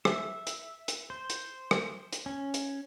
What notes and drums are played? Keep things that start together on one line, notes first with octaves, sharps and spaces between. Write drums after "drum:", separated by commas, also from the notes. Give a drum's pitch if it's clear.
E5, drum: rim click
drum: hi-hat
drum: hi-hat
C5
drum: hi-hat
drum: rim click
drum: hi-hat
C#4
drum: hi-hat